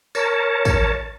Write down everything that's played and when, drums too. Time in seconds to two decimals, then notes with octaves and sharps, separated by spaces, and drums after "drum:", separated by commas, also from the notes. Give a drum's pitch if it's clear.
0.15 A#4 C#5 A5, drum: tambourine
0.65 drum: kick, tambourine